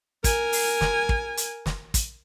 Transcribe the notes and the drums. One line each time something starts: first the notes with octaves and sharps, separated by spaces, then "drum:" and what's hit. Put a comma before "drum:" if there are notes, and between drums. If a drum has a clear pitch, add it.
A#4 G#5, drum: kick, hi-hat
drum: open hi-hat
drum: snare
drum: kick
drum: hi-hat
drum: snare
drum: kick, hi-hat